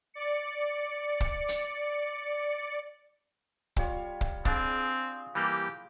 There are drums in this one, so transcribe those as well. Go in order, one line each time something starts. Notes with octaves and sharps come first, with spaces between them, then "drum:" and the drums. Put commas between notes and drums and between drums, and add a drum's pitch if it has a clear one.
D5 C#7
drum: kick
drum: hi-hat
G3 F4 C#5, drum: kick
drum: kick
C4 D4 G#4 F5, drum: kick
E3 G3 A#3 G4